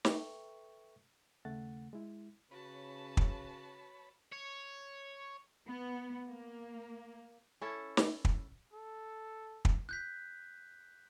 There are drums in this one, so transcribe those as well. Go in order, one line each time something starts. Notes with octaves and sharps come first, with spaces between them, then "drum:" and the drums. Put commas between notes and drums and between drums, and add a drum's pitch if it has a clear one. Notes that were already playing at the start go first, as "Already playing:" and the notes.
A4 B4 E5 G5 C#6, drum: snare
D#2 C#3 A3 F#5 A6
G#3 E4
C#3 F#4 B4 C#5 A5 B5
drum: kick
C#5
B3
A#3
C#4 E4 A4
drum: snare
drum: kick
A4
drum: kick
F#6 G6 B6